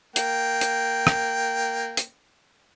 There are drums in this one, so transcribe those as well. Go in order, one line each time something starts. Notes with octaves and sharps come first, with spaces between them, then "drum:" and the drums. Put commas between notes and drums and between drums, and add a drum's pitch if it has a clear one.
A#3 G5, drum: hi-hat
drum: hi-hat
drum: rim click
drum: hi-hat